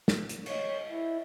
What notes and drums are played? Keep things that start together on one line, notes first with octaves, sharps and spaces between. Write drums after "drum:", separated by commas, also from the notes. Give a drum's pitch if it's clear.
drum: snare
drum: hi-hat
C#5, drum: cymbal
E4